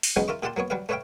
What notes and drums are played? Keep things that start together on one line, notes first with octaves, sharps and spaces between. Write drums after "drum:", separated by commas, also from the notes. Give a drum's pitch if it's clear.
drum: open hi-hat
F3 F#3 G#3 B3 C#4 D#4
F4 A#4 E5 C#6
A#2 F4 G4 F#5 A5 C6
F#3 A#3 B3 C#5
F#3 G3 B4 F5
A3 B4 C#5 E5 F5 G5